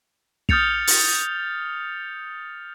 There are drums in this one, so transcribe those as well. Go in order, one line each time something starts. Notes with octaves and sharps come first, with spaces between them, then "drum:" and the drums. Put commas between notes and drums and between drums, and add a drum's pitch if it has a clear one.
D#6 F6 G6 A6 C#7 F7, drum: kick
drum: open hi-hat